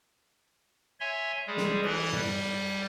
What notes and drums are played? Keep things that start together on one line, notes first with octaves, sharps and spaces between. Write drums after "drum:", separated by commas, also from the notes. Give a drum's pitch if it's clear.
C#5 E5 G#5 C6
G3 G#3 G#4
drum: snare
E3, drum: cymbal
G3, drum: tom